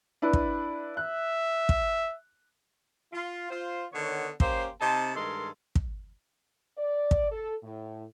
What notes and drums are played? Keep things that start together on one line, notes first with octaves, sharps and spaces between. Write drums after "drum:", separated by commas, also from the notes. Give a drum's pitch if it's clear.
D4 E4 B4
drum: kick
E5 F#6
drum: kick
F4
F4 C5
D3 D#3 B3 C#5
A#3 C#4 G4 C5, drum: kick
C3 C4 D#4 A5
G2 D#3 G#3 A4 A#4 C6
drum: kick
D5
drum: kick
A4
A2